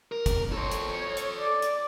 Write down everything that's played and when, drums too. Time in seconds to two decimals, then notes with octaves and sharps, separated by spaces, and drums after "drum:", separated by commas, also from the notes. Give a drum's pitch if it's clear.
0.12 A#4
0.26 drum: kick, hi-hat
0.52 A4 C5 C#5
0.71 drum: hi-hat
1.17 drum: hi-hat
1.40 D5
1.62 drum: hi-hat